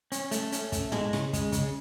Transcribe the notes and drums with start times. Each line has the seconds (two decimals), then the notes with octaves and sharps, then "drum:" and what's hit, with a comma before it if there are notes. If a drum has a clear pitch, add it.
0.12 C#4, drum: hi-hat
0.31 A3, drum: hi-hat
0.52 C#4, drum: hi-hat
0.72 A3, drum: kick, hi-hat
0.92 G#3, drum: tom
1.13 C#3, drum: snare
1.33 G#3, drum: kick, hi-hat
1.52 C#3, drum: kick, hi-hat